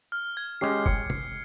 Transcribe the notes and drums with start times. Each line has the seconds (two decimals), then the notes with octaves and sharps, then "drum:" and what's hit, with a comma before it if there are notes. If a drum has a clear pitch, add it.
0.12 F6
0.37 G#6
0.61 G#3 C#4 G4 C7
0.86 C#7, drum: kick F#1
1.10 C7, drum: tom